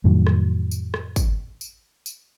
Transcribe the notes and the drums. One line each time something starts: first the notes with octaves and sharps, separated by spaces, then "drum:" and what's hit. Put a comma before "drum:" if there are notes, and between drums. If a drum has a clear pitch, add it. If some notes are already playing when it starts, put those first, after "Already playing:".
F2 A2 D#3 F#3
drum: rim click
drum: tambourine
drum: rim click
drum: kick, tambourine
drum: tambourine
drum: tambourine